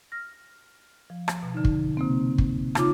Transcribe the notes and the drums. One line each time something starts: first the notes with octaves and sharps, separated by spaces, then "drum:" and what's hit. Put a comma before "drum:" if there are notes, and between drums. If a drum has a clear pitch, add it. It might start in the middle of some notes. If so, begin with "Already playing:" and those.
F6 A#6
F3
drum: rim click
B2
D3 D#4
drum: kick
C3 A#3 C4
drum: kick
C#3 D#4 F4 D6, drum: rim click